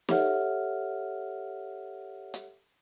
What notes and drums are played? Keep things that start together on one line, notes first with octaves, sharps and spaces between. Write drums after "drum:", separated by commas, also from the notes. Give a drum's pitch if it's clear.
G4 A4 C#5 E5 F#5 F6, drum: snare
drum: hi-hat